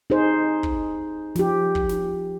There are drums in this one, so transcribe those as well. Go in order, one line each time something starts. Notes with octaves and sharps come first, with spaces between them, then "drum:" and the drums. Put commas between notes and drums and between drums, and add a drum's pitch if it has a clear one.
D#4 G#4 C5
drum: kick
F3 G4, drum: snare
drum: kick
drum: snare